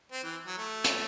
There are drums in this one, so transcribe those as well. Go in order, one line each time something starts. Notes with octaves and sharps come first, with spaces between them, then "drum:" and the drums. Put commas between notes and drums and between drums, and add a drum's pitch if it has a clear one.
C4
E3
F#3
A3
drum: hi-hat